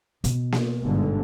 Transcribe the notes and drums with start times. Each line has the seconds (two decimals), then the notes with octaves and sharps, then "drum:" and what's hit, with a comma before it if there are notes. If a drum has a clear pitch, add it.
0.24 B2, drum: hi-hat
0.52 drum: snare A#3
0.82 G1 G#2 D3